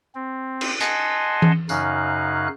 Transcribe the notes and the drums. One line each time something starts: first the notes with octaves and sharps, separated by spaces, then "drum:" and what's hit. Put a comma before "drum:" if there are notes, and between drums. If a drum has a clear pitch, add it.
C4
drum: cymbal
D#5 F#5 G#5 A5 C6, drum: hi-hat
drum: tom E3
F#2 C#3 D#4 F5 F#6, drum: tambourine